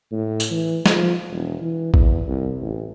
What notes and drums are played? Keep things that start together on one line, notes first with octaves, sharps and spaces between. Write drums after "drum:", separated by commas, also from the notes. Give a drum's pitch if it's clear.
A2
drum: tambourine
E3
F3, drum: snare
E1
E3
E2, drum: kick A1
C2
A1